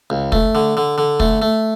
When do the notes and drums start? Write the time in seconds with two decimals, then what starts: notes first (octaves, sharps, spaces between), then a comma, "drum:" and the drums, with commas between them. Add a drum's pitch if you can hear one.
0.10 C#2
0.32 A3, drum: kick
0.55 D3
0.77 D3
0.98 D3
1.20 A3, drum: kick
1.42 A3